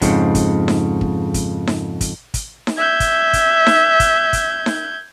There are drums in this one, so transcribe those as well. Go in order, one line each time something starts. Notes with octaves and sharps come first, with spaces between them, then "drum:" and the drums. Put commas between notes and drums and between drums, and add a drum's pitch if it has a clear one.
F2 G#2 C#3, drum: kick, hi-hat
drum: kick, hi-hat
drum: snare D#4
drum: kick
drum: kick, hi-hat
drum: snare D#4
drum: kick, hi-hat
drum: kick, hi-hat
drum: snare D#4
E5 G6 G#6
drum: kick, hi-hat
drum: kick, hi-hat
drum: snare D#4
drum: kick, hi-hat
drum: kick, hi-hat
drum: snare D#4